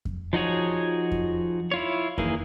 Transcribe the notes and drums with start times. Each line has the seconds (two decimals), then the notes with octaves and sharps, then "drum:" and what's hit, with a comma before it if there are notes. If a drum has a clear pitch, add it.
0.05 drum: kick F2
0.33 F3 D#4 F#4 G#4 C#5
1.12 drum: kick F2
1.71 E4 F4 C#5
2.18 D#3 E3 A#3 G#4, drum: kick F2